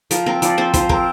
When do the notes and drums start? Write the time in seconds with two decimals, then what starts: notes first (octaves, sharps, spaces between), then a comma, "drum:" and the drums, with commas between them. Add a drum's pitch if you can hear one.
0.11 F3 A#4, drum: hi-hat
0.26 C4 A#4
0.42 F3 D5, drum: hi-hat
0.58 C4 C5
0.74 F3 C5, drum: kick, hi-hat
0.89 C4 A#4, drum: kick